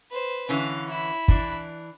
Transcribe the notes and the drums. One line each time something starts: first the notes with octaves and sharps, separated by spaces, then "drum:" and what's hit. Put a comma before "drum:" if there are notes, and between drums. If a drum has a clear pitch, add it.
B4 C5
D3 E3 C#4 F5
E4 B5
E3 D4, drum: kick